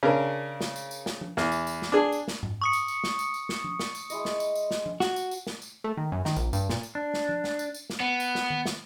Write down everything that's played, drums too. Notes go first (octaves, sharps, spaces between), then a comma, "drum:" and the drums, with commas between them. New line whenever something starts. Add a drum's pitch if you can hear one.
C#3 D4 A#4
drum: snare
drum: tambourine
drum: tambourine
drum: snare
drum: tom F3
E2, drum: snare
drum: tambourine
drum: tambourine
drum: snare
D4 G#4
drum: tambourine
drum: snare
drum: tom G#2
C#6 D#6 C#7
drum: tambourine
drum: tambourine
drum: snare
drum: tambourine
drum: tambourine
drum: snare
drum: tom F3
drum: snare
drum: tambourine
G#3 E4 D#5, drum: tambourine
drum: snare
drum: tambourine
drum: tambourine
drum: snare
drum: tom F3
F#4, drum: snare
drum: tambourine
drum: tambourine
drum: snare
drum: tambourine
A3
D#3
F#2
D#3, drum: snare
A#1, drum: tambourine
G2, drum: tambourine
A#2, drum: snare
drum: tambourine
D4
drum: snare
drum: tom F3
drum: snare
drum: tambourine
drum: tambourine
drum: snare
B3
drum: tambourine
drum: snare
drum: tom D#3
drum: snare